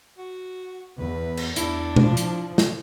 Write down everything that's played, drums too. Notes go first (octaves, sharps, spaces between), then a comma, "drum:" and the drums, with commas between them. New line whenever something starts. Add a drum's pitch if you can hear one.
F#4
E2 B4
drum: cymbal
E2 D4 E4, drum: hi-hat
F3, drum: tom B2
drum: hi-hat
drum: snare